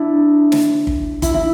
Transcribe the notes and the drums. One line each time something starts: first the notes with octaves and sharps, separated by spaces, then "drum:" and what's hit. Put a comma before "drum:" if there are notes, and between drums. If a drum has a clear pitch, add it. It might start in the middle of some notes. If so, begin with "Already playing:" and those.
Already playing: D4 E4
drum: snare
drum: kick
E4, drum: kick, hi-hat
E4